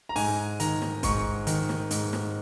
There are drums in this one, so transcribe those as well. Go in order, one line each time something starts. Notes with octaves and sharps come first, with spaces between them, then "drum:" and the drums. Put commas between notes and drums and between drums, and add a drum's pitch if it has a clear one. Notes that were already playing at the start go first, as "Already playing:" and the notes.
A#5
G#2 G#5, drum: open hi-hat
D#3 A#5, drum: hi-hat
drum: snare
G#2 C#6, drum: kick, hi-hat
D#3, drum: hi-hat
drum: snare
G#2, drum: hi-hat
drum: snare